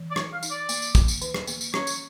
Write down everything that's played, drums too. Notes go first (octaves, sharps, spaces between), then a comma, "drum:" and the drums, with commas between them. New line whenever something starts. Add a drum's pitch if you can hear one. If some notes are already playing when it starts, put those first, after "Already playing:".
Already playing: E3
D5
D#4 C#5, drum: rim click
F5
D#4, drum: tambourine
D5
A#3, drum: tambourine
drum: tambourine
A#3, drum: kick, tambourine
drum: tambourine
D#3, drum: tambourine
drum: rim click
A#3, drum: tambourine
drum: tambourine
C#4 C#5, drum: rim click
drum: tambourine